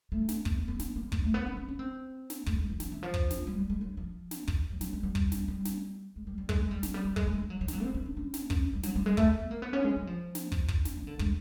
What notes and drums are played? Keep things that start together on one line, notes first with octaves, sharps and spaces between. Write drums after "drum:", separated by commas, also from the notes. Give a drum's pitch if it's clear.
A3
drum: snare
B3, drum: kick
B3
B3
B3, drum: snare
A#3
A#3, drum: kick
A3
B3
C4
C#4
C#4
C4
drum: snare
A3, drum: kick
G#3
F3
F3, drum: snare
E3
F3
drum: kick
drum: snare
G3
G3
G#3
F#3
F3
drum: snare
E3, drum: kick
F#3
F#3, drum: snare
G3
G3
drum: kick
drum: snare
G3
drum: snare
G#3
G3
G3
G#3, drum: kick
G#3
G3
F#3, drum: snare
G3
G3
G#3, drum: kick
G#3
G3
F#3
F#3
G3, drum: snare
F#3
C4
C#4
D4
C#4
drum: snare
C#4, drum: kick
G3
F#3, drum: snare
G3
G#3
A3, drum: kick
B3
A#3
B3
C#4
G#3
F#3
F3
drum: snare
drum: kick
drum: kick
drum: snare
D#3
D3
G#3, drum: kick